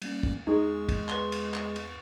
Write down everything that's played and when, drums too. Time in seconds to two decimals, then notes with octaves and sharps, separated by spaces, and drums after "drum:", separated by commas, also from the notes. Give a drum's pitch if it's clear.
0.02 G3 A#3 C#4, drum: cymbal
0.23 drum: kick
0.47 E2 G#3 D#4 G#4 C#6
0.89 drum: kick, cymbal
1.09 B4 C6, drum: clap
1.32 drum: cymbal
1.54 drum: clap
1.76 drum: cymbal